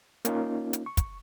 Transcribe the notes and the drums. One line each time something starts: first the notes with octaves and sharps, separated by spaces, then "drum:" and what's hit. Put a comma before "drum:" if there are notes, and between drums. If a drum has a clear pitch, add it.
A#3 C#4 D#4 F4, drum: hi-hat
drum: hi-hat
C#6
drum: kick, hi-hat